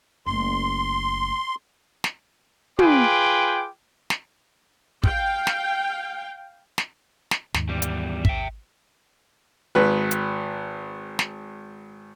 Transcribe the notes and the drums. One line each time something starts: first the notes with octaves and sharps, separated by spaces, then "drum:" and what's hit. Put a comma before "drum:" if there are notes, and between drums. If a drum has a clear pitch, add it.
F#1 A3 C6
drum: snare
F4 G#4 B4 G5 D6, drum: tom
drum: snare
F5 G5, drum: kick
drum: snare
drum: snare
drum: snare
D#2 G#2, drum: snare
E2 G3
drum: hi-hat
E5 G5, drum: kick
G#1 B4
drum: hi-hat
drum: snare